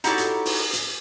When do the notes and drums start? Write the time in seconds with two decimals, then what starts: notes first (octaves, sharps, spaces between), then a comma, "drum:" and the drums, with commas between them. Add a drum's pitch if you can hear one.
0.04 D#4 E4 F#4 G4 A4 C#5, drum: hi-hat
0.18 drum: hi-hat
0.46 drum: open hi-hat
0.73 drum: hi-hat